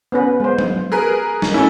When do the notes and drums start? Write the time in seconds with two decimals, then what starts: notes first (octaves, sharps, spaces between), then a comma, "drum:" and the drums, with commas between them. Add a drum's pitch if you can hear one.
0.12 B3 C#4 B4
0.40 G#3 C5
0.59 drum: tom F#3
0.92 G#4 A#4 B4
1.42 drum: snare
1.54 A3 C#4 E4